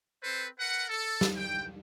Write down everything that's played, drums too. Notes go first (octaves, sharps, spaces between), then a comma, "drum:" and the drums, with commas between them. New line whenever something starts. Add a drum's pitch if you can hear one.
C4 A4 B4 C5
A#4 B4 F#5
A4
drum: snare
G5